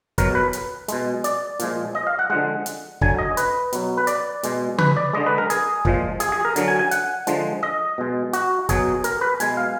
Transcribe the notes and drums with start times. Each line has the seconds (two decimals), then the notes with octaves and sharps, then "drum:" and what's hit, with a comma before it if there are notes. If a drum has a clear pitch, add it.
0.18 B2 F#3 A#4, drum: kick, hi-hat
0.35 B4
0.53 drum: hi-hat
0.88 B2 G#3, drum: hi-hat
1.24 D5, drum: hi-hat
1.59 A#2 F3 G#3, drum: hi-hat
1.95 D#5
2.07 F5
2.19 F#5
2.30 D3 F3 G#3 F#5
2.66 drum: hi-hat
3.01 D3 F#3 G#5, drum: kick
3.19 D#5
3.37 B4, drum: hi-hat
3.73 B2 F#3, drum: hi-hat
3.97 B4
4.07 D5, drum: hi-hat
4.43 B2 G#3, drum: hi-hat
4.78 B4, drum: tom C#3
4.97 D5
5.13 D3 G#3 D#5
5.26 B4
5.38 A#4
5.50 G#4, drum: hi-hat
5.85 A#2 F3 G#3, drum: kick
6.20 G#4, drum: hi-hat
6.32 G#4
6.45 A#4
6.56 D3 F#3, drum: hi-hat
6.68 G#5
6.79 G#5
6.91 F#5, drum: hi-hat
7.27 D3 F3 G#3, drum: hi-hat
7.63 D#5
7.98 B2 G#3
8.33 F#4, drum: hi-hat
8.69 B2 F#3 G#4, drum: kick, hi-hat
9.04 A#4, drum: hi-hat
9.21 B4
9.40 B2 G#3 G#5, drum: hi-hat
9.57 F5